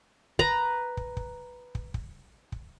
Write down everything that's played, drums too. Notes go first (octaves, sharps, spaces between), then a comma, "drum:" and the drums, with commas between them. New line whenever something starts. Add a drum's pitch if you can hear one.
B4 A#5, drum: kick
drum: kick
drum: kick
drum: kick
drum: kick
drum: kick